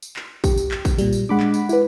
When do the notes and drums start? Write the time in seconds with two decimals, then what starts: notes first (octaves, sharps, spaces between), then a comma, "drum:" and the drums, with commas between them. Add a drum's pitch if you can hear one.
0.02 drum: tambourine
0.16 drum: clap
0.44 G4, drum: kick, tambourine
0.57 drum: tambourine
0.71 drum: clap
0.85 drum: kick, tambourine
0.98 A#2 G3, drum: tambourine
1.12 drum: tambourine
1.29 G#3 D4 F#5 B5 D6
1.40 drum: clap
1.54 drum: tambourine
1.69 E4 B4, drum: tambourine